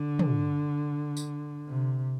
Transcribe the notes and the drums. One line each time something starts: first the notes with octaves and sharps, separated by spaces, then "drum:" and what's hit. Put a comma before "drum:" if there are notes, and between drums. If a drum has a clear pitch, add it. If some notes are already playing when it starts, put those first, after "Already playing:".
Already playing: D3
drum: tom
drum: tambourine
C3